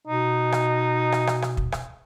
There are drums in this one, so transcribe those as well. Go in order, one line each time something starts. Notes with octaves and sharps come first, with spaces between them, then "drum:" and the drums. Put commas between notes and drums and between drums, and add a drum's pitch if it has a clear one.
B2 D#4
drum: rim click
drum: rim click
drum: rim click
drum: rim click
drum: kick
drum: rim click